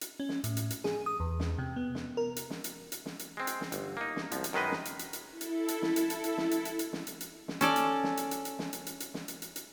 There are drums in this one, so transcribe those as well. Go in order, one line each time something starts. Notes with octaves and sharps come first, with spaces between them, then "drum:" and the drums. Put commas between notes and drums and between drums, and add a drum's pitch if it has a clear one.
drum: hi-hat
C#4
drum: snare
A2, drum: hi-hat
drum: hi-hat
drum: hi-hat
G#4, drum: snare
D#6
E2
drum: snare
C3
B3
drum: snare
A#4
drum: hi-hat
drum: snare
drum: hi-hat
drum: hi-hat
drum: snare
drum: hi-hat
G#3 C4
drum: hi-hat
drum: snare
G1, drum: hi-hat
A#3 D#4
drum: snare
C2 F3, drum: hi-hat
drum: hi-hat
F#2 D#3 G#3 B4 D#5
drum: snare
drum: hi-hat
drum: hi-hat
drum: hi-hat
E4 A4
drum: hi-hat
drum: hi-hat
drum: snare
drum: hi-hat
drum: hi-hat
drum: hi-hat
drum: snare
drum: hi-hat
drum: hi-hat
drum: hi-hat
drum: snare
drum: hi-hat
drum: hi-hat
drum: snare
C#4 A4 D5, drum: hi-hat
drum: hi-hat
drum: snare
drum: hi-hat
drum: hi-hat
drum: hi-hat
drum: snare
drum: hi-hat
drum: hi-hat
drum: hi-hat
drum: snare
drum: hi-hat
drum: hi-hat
drum: hi-hat